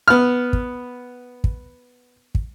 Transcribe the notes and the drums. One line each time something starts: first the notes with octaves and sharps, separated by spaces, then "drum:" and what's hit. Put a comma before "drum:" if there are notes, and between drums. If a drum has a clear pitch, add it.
B3 F6
drum: kick
drum: kick
drum: kick